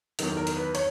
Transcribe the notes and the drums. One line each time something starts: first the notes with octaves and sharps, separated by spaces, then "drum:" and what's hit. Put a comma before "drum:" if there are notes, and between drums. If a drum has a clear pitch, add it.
E2 D#3 F#3, drum: hi-hat
A#4
drum: hi-hat
B4
C#5, drum: hi-hat